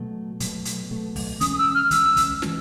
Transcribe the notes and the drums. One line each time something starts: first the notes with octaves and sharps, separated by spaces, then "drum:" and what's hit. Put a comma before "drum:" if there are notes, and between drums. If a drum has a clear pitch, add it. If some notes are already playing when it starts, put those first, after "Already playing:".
Already playing: B2 F#3 A3
B2 F#3 A3, drum: hi-hat
drum: hi-hat
B2 F#3 A3
drum: kick, open hi-hat
E3 G#3 C#4 D#6, drum: kick, hi-hat
D#6
E6
F6
E3 G#3 C#4 E6, drum: kick, hi-hat
drum: kick, hi-hat
E3 G#3 C#4, drum: snare